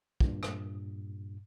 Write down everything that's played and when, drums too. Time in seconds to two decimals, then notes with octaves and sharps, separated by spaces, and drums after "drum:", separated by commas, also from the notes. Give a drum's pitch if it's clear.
0.20 G2 A#2, drum: kick
0.43 drum: rim click